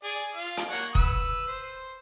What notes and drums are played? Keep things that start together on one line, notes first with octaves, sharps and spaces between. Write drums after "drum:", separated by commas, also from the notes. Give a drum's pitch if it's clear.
G#4 D5
F4 F5
drum: hi-hat
A#3 C#5 F#5
B4 E6, drum: kick
C5